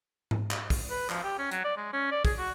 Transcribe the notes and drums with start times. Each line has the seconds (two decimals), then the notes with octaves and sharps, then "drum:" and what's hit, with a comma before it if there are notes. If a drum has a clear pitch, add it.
0.31 drum: tom G#2
0.51 drum: clap
0.70 drum: kick, open hi-hat
0.90 B4
1.10 F3, drum: clap
1.24 G4
1.39 C#4
1.52 F#3, drum: hi-hat
1.65 D5
1.77 G#3
1.93 C#4
2.11 D5
2.25 G#4, drum: kick, open hi-hat
2.38 F#4